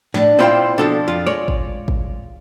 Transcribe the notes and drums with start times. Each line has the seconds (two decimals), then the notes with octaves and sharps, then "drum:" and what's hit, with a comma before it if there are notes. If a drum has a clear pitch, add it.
0.14 A2 D4, drum: snare
0.39 A#2 C4 E4 F4 C5 G5
0.78 B2 F3 D4 A4
1.08 F2 F4
1.26 G#3 C#5 D5
1.48 drum: kick G#1
1.88 drum: kick G#1